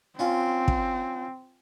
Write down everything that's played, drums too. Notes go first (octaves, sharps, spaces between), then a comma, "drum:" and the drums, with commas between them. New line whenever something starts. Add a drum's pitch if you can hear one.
C4 C#4 F4
drum: kick